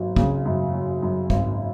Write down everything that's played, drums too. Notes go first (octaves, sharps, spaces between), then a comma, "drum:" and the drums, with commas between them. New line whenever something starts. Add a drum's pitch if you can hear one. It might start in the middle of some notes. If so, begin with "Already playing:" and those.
Already playing: G#1 F#3
C#3, drum: kick
F#2
F#3
F#2
G#1, drum: kick